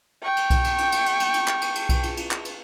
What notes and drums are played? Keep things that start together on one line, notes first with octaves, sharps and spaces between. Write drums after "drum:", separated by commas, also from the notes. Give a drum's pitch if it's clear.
G5 C#6
drum: cymbal
drum: kick B1, cymbal
drum: cymbal
drum: cymbal
drum: cymbal
drum: cymbal
drum: cymbal
drum: cymbal
drum: clap
drum: cymbal
drum: cymbal
drum: kick B1, cymbal
drum: cymbal
drum: cymbal
drum: clap
drum: cymbal